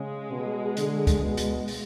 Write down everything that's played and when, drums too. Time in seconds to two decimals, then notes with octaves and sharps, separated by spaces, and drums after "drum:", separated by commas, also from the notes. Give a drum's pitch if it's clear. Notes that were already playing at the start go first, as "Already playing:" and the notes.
Already playing: C#3 G#3
0.31 B2
0.77 D3, drum: hi-hat
1.07 drum: kick C#2, hi-hat
1.22 B2
1.37 drum: hi-hat
1.68 drum: open hi-hat